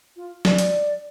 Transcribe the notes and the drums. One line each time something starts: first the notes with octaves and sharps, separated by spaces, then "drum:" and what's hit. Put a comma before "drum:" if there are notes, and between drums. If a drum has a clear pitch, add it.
F4
D5, drum: snare
drum: hi-hat